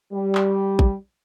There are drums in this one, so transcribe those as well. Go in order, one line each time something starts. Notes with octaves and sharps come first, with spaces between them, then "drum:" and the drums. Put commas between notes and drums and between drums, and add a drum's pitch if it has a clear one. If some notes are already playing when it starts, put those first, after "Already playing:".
G3
drum: clap
drum: kick